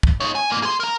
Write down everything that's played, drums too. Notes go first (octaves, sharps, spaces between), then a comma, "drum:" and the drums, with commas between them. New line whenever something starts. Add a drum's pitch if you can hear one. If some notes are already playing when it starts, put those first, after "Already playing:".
drum: kick
D#4 C#5
G#5
G#2 A#3
G#4 C6
A#4 A#5